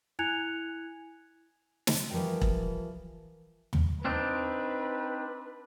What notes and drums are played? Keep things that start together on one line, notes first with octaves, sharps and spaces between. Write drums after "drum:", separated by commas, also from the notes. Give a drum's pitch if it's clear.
E4 G#5 F#6 G#6 C#7 F7
drum: snare
E3 F3 G3 A#4 G5
drum: kick E1
drum: tom
C4 D4 D#4 B4